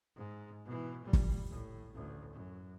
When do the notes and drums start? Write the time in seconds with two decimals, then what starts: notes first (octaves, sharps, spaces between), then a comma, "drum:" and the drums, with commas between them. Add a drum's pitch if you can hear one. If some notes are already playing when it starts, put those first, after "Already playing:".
0.16 G#2
0.65 B2 E3
1.04 A#2 G3
1.13 drum: kick
1.50 A2
1.94 A1 D2
2.33 F#2